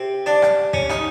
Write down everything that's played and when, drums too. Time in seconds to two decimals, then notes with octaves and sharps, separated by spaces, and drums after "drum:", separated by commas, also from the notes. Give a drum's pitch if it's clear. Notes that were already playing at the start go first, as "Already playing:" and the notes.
Already playing: C3 C4
0.26 D4
0.42 drum: rim click
0.73 C#4, drum: kick
0.89 D#4, drum: rim click